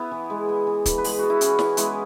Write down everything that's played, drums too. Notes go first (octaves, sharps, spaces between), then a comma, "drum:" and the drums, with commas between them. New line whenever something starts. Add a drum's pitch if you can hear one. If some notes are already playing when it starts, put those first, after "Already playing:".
Already playing: B3 E4
E3
G#3
B3
E3
E3, drum: kick, hi-hat
B4
G#3 G#4, drum: open hi-hat
B3 F#4
E4
E3 C#4, drum: hi-hat
E3, drum: snare
G#3 B3 E4, drum: hi-hat